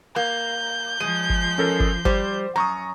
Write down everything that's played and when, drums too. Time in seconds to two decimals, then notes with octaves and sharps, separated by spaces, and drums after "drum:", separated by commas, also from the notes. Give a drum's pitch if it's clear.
0.16 A#3 G6
1.00 F3 G#3 D#7
1.30 drum: kick G1
1.58 C#4 A4 A#4
1.80 drum: kick G1
2.05 G3 C5, drum: kick G1
2.56 F#2 A#5 C#6 D#6